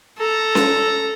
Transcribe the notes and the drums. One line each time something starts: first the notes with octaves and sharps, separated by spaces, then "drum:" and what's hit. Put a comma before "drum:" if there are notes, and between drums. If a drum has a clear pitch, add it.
A4 A#5
drum: snare C#4